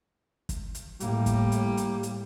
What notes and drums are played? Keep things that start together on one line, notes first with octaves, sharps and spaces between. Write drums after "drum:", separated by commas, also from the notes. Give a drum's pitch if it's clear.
drum: kick, hi-hat
drum: hi-hat
A2 G3 A#3, drum: hi-hat
drum: kick, hi-hat
drum: hi-hat
drum: hi-hat
drum: hi-hat